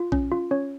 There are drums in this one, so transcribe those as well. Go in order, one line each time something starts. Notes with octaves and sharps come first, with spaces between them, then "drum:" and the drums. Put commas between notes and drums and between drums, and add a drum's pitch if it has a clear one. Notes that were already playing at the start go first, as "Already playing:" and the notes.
Already playing: F4
C#4, drum: kick
F4
C#4 C#5